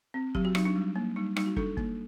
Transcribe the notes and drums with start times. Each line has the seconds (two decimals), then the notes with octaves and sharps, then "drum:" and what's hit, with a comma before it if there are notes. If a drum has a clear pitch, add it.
0.14 C4
0.35 F#3 G4, drum: kick
0.45 F#4
0.55 F#3 D#4, drum: rim click
0.65 D4
0.76 G3
0.96 A#3
1.16 G3 D#4
1.36 G3 D#4, drum: rim click
1.46 F#4
1.56 D4 A4, drum: kick
1.77 A#3, drum: kick